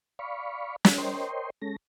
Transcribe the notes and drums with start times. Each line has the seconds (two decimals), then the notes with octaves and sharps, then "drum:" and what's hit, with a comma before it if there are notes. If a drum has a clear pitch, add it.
0.19 D5 F5 B5 C#6
0.85 drum: snare
0.98 A#4 C5 C#5 D#5 G5 C6
1.62 G#3 C#4 A4 A#6